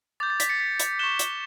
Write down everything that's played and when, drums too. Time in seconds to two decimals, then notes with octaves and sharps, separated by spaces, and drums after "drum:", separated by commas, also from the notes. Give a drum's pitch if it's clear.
0.20 D6 G6 A6
0.30 A6
0.40 B6, drum: hi-hat
0.49 A6 C#7
0.60 B6
0.80 drum: hi-hat
0.99 C#6 F#6 E7 G7
1.19 drum: hi-hat